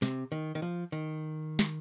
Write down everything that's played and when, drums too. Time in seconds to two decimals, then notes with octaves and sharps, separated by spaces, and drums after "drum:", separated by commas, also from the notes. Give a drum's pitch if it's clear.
0.02 C3, drum: snare
0.32 D#3
0.55 D#3
0.62 F3
0.92 D#3
1.59 drum: snare